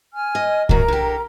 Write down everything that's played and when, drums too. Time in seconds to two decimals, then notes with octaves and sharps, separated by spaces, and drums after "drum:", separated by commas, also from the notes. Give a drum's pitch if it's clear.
0.13 G#5 F6
0.35 D#5
0.69 F#2 F#4 A#4 A#5, drum: kick C2
0.88 D3 G4